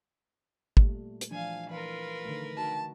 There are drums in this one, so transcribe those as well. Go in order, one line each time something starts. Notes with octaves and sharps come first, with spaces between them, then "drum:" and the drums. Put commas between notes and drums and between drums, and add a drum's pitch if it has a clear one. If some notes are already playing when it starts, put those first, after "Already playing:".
A#2 G3 A3, drum: kick
drum: hi-hat
E3 F3 D4 F5 G#5
E3 F4 A#4 B4
D3 D#3 A3
D#4 F#4 A5